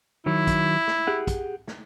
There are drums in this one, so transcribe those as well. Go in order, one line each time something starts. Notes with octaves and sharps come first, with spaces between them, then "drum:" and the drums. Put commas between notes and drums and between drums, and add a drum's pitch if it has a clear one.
D#3 F#3 E4
drum: kick, hi-hat
drum: snare
G4 G#4 F#5
drum: kick, hi-hat
drum: snare